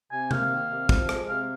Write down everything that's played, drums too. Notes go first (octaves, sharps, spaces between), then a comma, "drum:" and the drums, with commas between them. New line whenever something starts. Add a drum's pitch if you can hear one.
C3 G#5
A#3 F5, drum: tom C3
D#3
C3
F3, drum: kick
G#3, drum: rim click
C3 F5